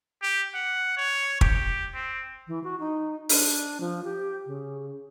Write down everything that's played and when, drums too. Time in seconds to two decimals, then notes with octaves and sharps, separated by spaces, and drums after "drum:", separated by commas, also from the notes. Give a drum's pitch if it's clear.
0.22 G4
0.54 F#5
0.97 C#5
1.41 G4, drum: kick
1.94 C4
2.47 E3
2.63 F#4
2.79 D#4
3.29 D4, drum: open hi-hat
3.80 F3
4.04 G4
4.46 C#3